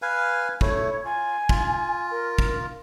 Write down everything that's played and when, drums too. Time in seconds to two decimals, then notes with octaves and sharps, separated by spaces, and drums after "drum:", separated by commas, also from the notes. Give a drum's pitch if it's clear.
0.02 B4 F5 G#5
0.61 A3 E4 C#5, drum: kick
1.05 F4 G#5
1.49 F4, drum: kick
2.11 A#4
2.38 drum: kick